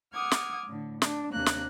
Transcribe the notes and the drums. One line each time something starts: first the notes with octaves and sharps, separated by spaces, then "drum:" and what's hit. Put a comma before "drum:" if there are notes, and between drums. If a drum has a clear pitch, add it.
F#5 D6 D#6 F6 G#6
drum: snare
A2 D3
D4, drum: snare
D#2 C3 A#3 D4 F#6
drum: snare